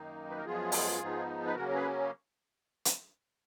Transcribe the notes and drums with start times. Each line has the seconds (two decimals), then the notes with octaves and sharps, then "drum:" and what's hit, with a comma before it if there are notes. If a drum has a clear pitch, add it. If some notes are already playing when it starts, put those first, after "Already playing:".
Already playing: F#2 D#3 A#3 D#4
0.30 B4
0.37 A#4
0.45 F#2 F3 G#3 B3 F4 G#4
0.72 drum: open hi-hat
1.00 G#2 F3 B3 D#4
1.46 B4
1.55 C#3 F#3 A#3 C#4 F#4 A#4
1.69 A#4
1.74 G#4 B4
2.85 drum: hi-hat